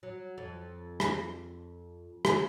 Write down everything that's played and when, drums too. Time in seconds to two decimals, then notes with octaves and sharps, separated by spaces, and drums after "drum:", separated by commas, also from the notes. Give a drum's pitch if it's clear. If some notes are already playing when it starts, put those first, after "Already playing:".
0.03 F#3
0.38 F2
1.00 drum: rim click
2.25 drum: rim click